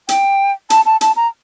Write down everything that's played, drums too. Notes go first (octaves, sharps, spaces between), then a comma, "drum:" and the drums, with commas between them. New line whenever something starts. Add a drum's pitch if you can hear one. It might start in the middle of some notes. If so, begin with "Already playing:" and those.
G5, drum: hi-hat
A5, drum: hi-hat
A5
A5, drum: hi-hat
A#5